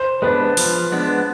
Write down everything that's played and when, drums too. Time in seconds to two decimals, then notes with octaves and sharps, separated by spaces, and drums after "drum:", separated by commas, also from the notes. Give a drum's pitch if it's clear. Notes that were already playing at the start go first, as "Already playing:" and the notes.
Already playing: C5
0.22 G#3 B3 D4 B4
0.57 F3, drum: open hi-hat
0.92 G#3 B3 D4